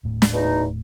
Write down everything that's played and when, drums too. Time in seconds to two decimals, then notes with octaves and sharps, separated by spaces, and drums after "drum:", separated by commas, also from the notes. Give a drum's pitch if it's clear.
0.03 D#1 A2
0.22 drum: snare
0.34 E2 B2 D#4